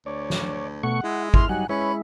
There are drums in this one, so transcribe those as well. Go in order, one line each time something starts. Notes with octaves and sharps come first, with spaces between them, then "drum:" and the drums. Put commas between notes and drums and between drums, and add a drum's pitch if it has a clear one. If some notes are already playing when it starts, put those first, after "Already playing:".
D2 C#5 D5
drum: snare
B2 A3 F#5 C#6
G#3 E4
E4 C6 F6, drum: kick G#1
F#3 G3 D#4 F#5 G#5
G#3 C#4 E4 B4 C#5 B5